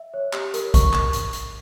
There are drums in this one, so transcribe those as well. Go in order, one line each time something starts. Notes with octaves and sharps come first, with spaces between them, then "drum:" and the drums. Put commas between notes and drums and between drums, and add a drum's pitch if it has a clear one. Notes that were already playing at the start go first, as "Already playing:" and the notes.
Already playing: E5
C#5
G4, drum: clap
A#4, drum: hi-hat
C#6, drum: kick, hi-hat
drum: clap
drum: hi-hat
drum: hi-hat